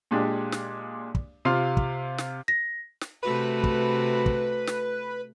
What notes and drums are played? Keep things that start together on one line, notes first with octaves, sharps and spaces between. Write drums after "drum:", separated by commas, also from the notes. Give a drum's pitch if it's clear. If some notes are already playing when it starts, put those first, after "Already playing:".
A#2 G#3 D4 G4
drum: snare
drum: kick
C3 F4 F5 C6
drum: kick
drum: snare
A#6
drum: snare
C3 A3 F#4 B4
drum: kick
drum: kick
drum: snare